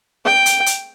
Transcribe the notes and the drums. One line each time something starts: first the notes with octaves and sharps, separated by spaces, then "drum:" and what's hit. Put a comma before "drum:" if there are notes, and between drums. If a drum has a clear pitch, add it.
G5
drum: hi-hat
drum: hi-hat